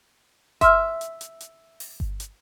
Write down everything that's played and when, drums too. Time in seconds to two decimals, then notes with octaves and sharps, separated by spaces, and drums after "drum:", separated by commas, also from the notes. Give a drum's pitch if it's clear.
0.61 E5 C6 E6 F6, drum: kick G1, hi-hat
1.01 drum: hi-hat
1.21 drum: hi-hat
1.40 drum: hi-hat
1.80 drum: open hi-hat
2.00 drum: kick G1
2.20 drum: hi-hat